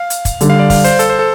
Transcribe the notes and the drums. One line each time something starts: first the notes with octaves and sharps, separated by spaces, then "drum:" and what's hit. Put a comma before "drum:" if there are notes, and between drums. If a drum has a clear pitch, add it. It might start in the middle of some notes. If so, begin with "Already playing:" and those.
Already playing: F5
drum: hi-hat
drum: kick, hi-hat
D3 G3 D4, drum: hi-hat
F5
D5
F5, drum: kick, open hi-hat
C5, drum: hi-hat
A4, drum: hi-hat
C5
A4